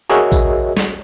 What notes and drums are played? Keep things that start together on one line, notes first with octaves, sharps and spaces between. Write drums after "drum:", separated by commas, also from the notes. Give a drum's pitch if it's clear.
F#4 G#4 A#4 C#5 D#5 E5
drum: kick A1, tambourine
drum: snare